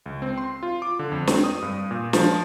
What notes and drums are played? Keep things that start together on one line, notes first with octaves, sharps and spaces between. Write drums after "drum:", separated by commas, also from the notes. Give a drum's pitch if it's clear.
C#2
C4
C6
F4
D6
D3
F2
C4, drum: snare
D#6
G2
A#2
F3, drum: snare